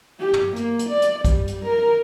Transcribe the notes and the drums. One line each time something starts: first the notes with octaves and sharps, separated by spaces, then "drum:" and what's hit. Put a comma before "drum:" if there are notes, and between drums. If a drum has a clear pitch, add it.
G4
drum: tom
A#3, drum: hi-hat
drum: hi-hat
D5
drum: hi-hat
G3, drum: kick A#1, hi-hat
drum: hi-hat
A#4